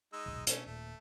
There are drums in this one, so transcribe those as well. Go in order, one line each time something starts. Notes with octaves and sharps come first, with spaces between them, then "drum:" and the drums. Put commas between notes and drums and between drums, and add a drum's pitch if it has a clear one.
G#3 D#4 E6
D#1 B1 G#2
B2 A3 C#4, drum: hi-hat
D#1 A#2 A3